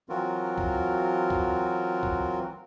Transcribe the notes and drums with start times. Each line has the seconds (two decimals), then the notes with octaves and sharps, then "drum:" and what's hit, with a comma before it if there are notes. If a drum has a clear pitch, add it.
0.09 E3 F#3 C4 F4 F#4 A#4
0.58 drum: kick
1.30 drum: kick
2.03 drum: kick